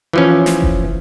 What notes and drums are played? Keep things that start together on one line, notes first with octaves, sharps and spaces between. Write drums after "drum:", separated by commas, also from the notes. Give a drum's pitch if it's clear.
E3 F3 C#4
drum: snare
drum: kick F1